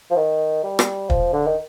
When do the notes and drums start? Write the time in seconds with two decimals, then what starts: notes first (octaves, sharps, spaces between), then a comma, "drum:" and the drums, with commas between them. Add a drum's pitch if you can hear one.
0.11 F3
0.16 D#3
0.63 G3
0.79 drum: rim click
1.10 F3, drum: kick
1.33 D3
1.47 D#3